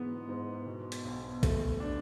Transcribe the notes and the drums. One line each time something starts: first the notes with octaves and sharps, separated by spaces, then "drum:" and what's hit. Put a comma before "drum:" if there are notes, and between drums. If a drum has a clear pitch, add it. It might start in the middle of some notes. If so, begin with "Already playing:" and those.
Already playing: G#2 E3 B3
G#2
B2
drum: hi-hat
B1
A3, drum: kick, hi-hat
D4